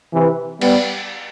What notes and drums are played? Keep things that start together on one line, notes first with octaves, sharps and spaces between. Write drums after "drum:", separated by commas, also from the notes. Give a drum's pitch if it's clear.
C3 E3
G3 B3, drum: cymbal